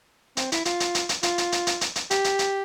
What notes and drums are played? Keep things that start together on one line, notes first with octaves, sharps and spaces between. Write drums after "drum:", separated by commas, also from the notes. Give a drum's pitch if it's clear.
C4, drum: hi-hat
E4, drum: hi-hat
F4, drum: hi-hat
drum: hi-hat
drum: hi-hat
drum: hi-hat
F4, drum: hi-hat
drum: hi-hat
drum: hi-hat
drum: hi-hat
drum: hi-hat
drum: hi-hat
G4, drum: hi-hat
drum: hi-hat
drum: hi-hat